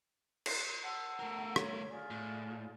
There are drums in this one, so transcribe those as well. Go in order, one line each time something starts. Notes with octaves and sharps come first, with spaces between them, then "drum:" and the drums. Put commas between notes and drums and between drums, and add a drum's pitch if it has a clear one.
drum: cymbal
F#5 A5 E6
A3 A#4
C#5, drum: rim click
F4 G#4 D5
A2